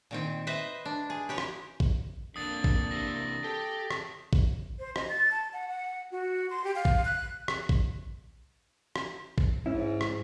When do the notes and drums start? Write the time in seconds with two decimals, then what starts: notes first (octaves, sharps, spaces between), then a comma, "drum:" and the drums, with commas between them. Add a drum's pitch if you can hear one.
0.11 A#2 D#3 C4
0.47 B4 C5 D#5 E5
0.85 D4
1.10 G#4
1.29 G4 B4 C#5
1.38 drum: rim click
1.80 drum: kick
2.36 F2 D3 A#3 D4 D#6 A6
2.64 drum: kick
2.91 C3 E3 A#6
3.44 G4 A4 G5
3.91 drum: rim click
4.33 drum: kick
4.79 C5
4.96 D#5, drum: rim click
5.09 A6
5.31 A5
5.53 F#5
5.68 F#5
6.12 F#4
6.50 C6
6.64 G4
6.76 F5
6.85 drum: kick
7.05 F#6
7.48 drum: rim click
7.69 drum: kick
8.96 drum: rim click
9.38 drum: kick
9.66 G#2 C#4 E4
10.01 drum: rim click